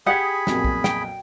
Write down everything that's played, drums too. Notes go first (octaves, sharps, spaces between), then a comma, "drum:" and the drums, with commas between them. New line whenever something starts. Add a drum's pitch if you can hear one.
G4 G#4 F#5 B5 D#6 G#6
B1 F2 A#2, drum: snare
drum: kick
G5, drum: snare